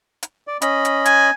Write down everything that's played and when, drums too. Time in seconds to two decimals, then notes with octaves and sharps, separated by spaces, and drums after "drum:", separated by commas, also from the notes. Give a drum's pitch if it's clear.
0.23 drum: hi-hat
0.47 D5
0.62 C#4 D#5 B5, drum: hi-hat
0.85 drum: hi-hat
1.05 G#5, drum: hi-hat